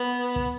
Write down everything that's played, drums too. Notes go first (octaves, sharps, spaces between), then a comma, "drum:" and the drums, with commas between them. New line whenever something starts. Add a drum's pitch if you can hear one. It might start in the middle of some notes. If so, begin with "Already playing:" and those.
Already playing: B3
drum: kick